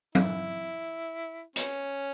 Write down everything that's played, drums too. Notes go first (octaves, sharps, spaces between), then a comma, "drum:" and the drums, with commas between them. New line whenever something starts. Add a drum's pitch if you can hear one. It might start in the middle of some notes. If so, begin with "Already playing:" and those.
E4, drum: tom F#3
C#4, drum: hi-hat